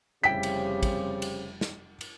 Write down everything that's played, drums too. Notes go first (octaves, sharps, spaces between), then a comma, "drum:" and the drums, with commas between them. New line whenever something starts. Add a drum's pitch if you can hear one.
F1 C#3 G3 C4 E4 G4 G5 B6
drum: cymbal
drum: kick, cymbal
drum: cymbal
drum: snare
drum: cymbal